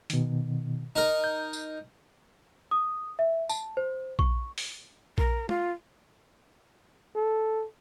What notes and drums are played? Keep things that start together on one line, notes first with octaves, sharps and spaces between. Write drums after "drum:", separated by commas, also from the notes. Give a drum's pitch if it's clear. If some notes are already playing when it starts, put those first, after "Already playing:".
B2 D#3, drum: hi-hat
D#4 A#4
G6
drum: tambourine
D#6
E5
A5, drum: tambourine
C5
C#6, drum: kick A#1
drum: open hi-hat
A#4, drum: kick A#1
F4, drum: tom
A4